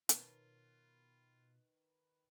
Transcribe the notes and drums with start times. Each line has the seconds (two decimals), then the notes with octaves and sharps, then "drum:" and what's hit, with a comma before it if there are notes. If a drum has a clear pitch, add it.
0.09 B2 D#3 F4 A#4 B4 C#5 A5 G7, drum: hi-hat